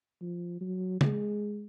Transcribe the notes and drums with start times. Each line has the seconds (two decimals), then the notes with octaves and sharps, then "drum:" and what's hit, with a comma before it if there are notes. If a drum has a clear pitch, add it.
0.21 F3
0.61 F#3
1.01 G#3, drum: tom